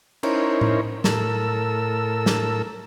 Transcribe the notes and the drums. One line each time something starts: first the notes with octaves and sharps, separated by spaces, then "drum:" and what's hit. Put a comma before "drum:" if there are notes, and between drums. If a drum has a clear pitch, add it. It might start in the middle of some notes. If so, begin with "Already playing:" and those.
C#4 D#4 E4 A#4 C5 C#5, drum: cymbal
drum: tom A2
A2 A4 A#4 E6, drum: snare
drum: snare